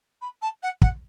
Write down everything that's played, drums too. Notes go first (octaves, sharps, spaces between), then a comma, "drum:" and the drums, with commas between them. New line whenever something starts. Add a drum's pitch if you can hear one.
B5
A5
F#5
F#5, drum: kick